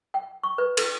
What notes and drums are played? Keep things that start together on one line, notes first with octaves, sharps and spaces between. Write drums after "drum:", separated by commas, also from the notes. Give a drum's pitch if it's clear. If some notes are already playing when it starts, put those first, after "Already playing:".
G5
C#6
B4
A4, drum: cymbal